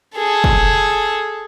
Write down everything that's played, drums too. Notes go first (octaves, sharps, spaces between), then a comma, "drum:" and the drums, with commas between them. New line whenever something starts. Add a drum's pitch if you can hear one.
G#4 A4
drum: kick